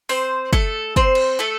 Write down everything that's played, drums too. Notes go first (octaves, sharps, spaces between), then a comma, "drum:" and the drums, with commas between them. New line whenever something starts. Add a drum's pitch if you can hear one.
C4 C5, drum: open hi-hat
A3 A4, drum: kick
C4 C5, drum: kick
drum: cymbal
A3 A4